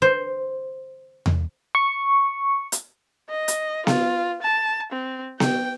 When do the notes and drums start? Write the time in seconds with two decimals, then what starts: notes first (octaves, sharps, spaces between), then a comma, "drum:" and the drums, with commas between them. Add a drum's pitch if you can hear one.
0.02 C5
1.26 drum: tom E2
1.75 C#6
2.72 drum: hi-hat
3.30 D#5
3.48 drum: hi-hat
3.87 F4, drum: snare B3
4.42 A5
4.92 C4
5.40 G5, drum: snare B3